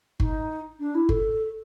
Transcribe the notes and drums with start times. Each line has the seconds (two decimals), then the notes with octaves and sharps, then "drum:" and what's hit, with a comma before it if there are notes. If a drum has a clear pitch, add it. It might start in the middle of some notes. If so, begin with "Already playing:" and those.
0.20 D#4, drum: kick G1
0.79 D4
0.94 E4
1.09 A4, drum: kick G1